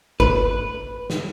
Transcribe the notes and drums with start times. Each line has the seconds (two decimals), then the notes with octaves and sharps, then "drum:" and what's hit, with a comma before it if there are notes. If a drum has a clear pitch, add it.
0.20 B4, drum: kick G1
1.10 drum: snare